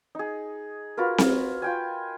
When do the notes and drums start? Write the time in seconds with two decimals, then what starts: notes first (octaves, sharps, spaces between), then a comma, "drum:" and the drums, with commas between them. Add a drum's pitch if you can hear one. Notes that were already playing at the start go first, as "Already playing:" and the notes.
0.15 D#4 G#4
0.97 F4 F#4 A#4 B4
1.18 drum: snare C4
1.62 F4 G5 G#5